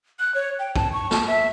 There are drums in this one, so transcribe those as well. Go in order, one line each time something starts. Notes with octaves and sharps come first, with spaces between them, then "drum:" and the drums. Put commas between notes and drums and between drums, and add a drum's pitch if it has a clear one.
F#6
C#5
G5
A5, drum: kick
C#6
A5, drum: snare
E5